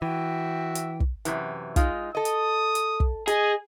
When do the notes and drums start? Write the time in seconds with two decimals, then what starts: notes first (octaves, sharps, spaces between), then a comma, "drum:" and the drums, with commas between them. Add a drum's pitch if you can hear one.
0.02 E3 F#4 E5 G5
0.75 drum: hi-hat
1.00 drum: kick
1.25 F#2 C3 E3, drum: hi-hat
1.76 G#3 D#4 F4, drum: kick, hi-hat
2.15 A4 D#5 D#6
2.25 drum: hi-hat
2.75 drum: hi-hat
3.00 drum: kick
3.28 G#4 D#5, drum: hi-hat